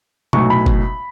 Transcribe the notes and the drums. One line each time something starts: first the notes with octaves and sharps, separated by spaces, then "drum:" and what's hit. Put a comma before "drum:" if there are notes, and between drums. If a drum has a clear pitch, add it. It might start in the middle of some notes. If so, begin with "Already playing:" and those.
B1 A2 F#3 C#6, drum: tom C3
B5
drum: kick F#1